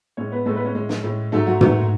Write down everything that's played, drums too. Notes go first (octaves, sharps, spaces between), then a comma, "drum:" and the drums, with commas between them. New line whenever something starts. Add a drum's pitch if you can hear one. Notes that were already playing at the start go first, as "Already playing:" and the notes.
A2 G#3 C#4 C#5
B3 B4
A2 G#3 A3 A4
B3 B4
C#4 C#5
A2 G#3
drum: snare
A2 G#3
G#2 F#3 A3 A4
F#3 F#4
G#2 F#3 A3, drum: tom